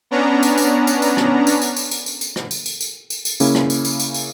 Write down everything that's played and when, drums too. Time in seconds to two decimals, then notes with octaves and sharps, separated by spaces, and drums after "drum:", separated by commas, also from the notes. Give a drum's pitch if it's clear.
0.11 B3 C#4 D4 A#5
0.43 drum: tambourine
0.58 drum: tambourine
0.87 drum: tambourine
1.02 drum: tambourine
1.17 drum: rim click
1.47 drum: tambourine
1.62 drum: tambourine
1.76 drum: tambourine
1.91 drum: tambourine
2.06 drum: tambourine
2.21 drum: tambourine
2.36 drum: rim click
2.51 drum: tambourine
2.66 drum: tambourine
2.81 drum: tambourine
3.10 drum: tambourine
3.25 drum: tambourine
3.40 C#3 A#3 C#4 E4, drum: tambourine
3.55 drum: rim click
3.70 drum: tambourine
3.85 drum: tambourine
4.00 drum: tambourine
4.14 drum: tambourine